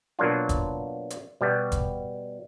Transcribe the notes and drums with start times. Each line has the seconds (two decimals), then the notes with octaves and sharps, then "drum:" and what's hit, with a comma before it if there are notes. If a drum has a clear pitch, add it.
0.19 B2 F#3 A#3 D4 F4
0.49 drum: kick E1, hi-hat
1.10 drum: hi-hat
1.41 B2 G3 B3
1.72 drum: kick E1, hi-hat